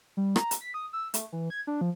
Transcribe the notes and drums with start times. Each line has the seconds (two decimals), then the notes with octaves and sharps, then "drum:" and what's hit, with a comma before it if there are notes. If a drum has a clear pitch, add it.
0.17 G3
0.36 A#5, drum: rim click
0.51 drum: hi-hat
0.61 B6
0.74 D#6
0.93 E6
1.14 A3, drum: hi-hat
1.33 E3
1.50 G#6
1.67 D4
1.81 F3